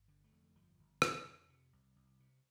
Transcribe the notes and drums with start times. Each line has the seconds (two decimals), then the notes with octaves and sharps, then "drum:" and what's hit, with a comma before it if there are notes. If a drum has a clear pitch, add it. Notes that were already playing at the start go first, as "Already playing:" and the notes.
Already playing: G1
0.08 D3
0.24 A3
0.32 F2
0.55 G1 F3
0.79 G1
1.02 D3, drum: rim click
1.26 F2
1.49 C3
1.73 C2
1.96 C2
2.20 C3